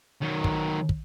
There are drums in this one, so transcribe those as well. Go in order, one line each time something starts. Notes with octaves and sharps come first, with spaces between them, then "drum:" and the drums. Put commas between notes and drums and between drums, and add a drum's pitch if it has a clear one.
D#3 F#3
drum: kick
drum: kick